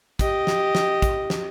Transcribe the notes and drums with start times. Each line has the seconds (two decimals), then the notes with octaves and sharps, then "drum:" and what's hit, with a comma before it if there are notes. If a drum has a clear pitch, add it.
0.19 G4 D#5, drum: kick, hi-hat
0.47 drum: snare
0.75 drum: snare
1.02 drum: kick, hi-hat
1.30 drum: snare